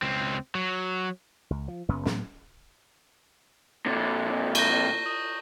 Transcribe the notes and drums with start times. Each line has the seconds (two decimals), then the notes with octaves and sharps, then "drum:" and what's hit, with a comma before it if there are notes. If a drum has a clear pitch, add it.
0.02 C#2 C4
0.55 F#3
1.50 C#2
1.68 F3
1.89 F#1 F#2 C#3 B3
2.05 D2 A2 F#3 B3, drum: snare
3.86 A#2 D3
4.55 C#6 G6 A#6, drum: cymbal
5.06 D#6